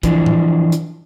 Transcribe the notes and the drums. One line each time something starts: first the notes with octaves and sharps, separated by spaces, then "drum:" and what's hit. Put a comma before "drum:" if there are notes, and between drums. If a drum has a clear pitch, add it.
E3 F3 D4, drum: kick, hi-hat
drum: tom
drum: hi-hat